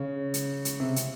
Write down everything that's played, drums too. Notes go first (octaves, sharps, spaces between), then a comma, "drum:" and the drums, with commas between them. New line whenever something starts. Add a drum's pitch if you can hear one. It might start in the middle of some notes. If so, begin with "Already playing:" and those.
Already playing: C#3
drum: hi-hat
drum: hi-hat
C3
drum: hi-hat